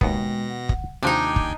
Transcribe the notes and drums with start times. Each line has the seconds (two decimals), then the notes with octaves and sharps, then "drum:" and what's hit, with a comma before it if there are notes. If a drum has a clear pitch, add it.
0.01 D#2 B2 G#3 B3 G5 A#6, drum: kick
0.49 F#5
0.69 drum: kick
1.03 D#2 C3 F3 D4 D#4 G5 G#5 D6
1.36 drum: kick